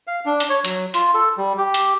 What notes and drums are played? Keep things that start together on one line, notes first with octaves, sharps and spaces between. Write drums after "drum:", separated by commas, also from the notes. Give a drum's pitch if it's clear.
F5
D4
drum: hi-hat
C#5
F#3, drum: hi-hat
F4, drum: hi-hat
A4
G3
G4
drum: hi-hat